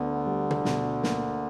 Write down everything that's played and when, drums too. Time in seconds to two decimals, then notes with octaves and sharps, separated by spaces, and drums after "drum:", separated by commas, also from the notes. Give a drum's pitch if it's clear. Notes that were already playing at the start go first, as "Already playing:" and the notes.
Already playing: D2 D3 B3
0.26 G3
0.51 drum: tom
0.65 B2, drum: snare
1.03 A#3, drum: snare